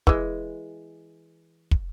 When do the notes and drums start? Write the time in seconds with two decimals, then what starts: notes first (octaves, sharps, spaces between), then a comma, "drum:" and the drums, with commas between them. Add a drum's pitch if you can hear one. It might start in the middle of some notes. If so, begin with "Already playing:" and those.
0.07 E3 G#3, drum: kick
1.71 drum: kick